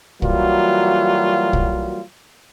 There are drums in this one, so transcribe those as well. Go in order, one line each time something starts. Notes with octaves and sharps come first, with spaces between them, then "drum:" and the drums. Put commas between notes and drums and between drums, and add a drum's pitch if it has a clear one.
E3 F#3 G3 A#3 F4 F#4, drum: kick
drum: kick